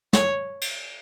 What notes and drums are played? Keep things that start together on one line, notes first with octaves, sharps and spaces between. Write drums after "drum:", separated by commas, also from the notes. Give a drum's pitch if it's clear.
C#5, drum: snare
drum: cymbal